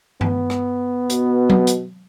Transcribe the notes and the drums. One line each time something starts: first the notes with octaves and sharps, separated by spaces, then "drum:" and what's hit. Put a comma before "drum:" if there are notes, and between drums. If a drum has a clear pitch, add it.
B3, drum: tom G2
drum: rim click
B2, drum: hi-hat
drum: tom F#3
drum: hi-hat